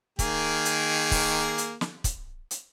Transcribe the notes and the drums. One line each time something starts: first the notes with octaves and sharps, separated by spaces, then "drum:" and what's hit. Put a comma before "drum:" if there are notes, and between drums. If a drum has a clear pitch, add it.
D#3 A#3 G#4, drum: kick, hi-hat
drum: hi-hat
drum: kick, open hi-hat
drum: hi-hat
drum: snare
drum: kick, hi-hat
drum: hi-hat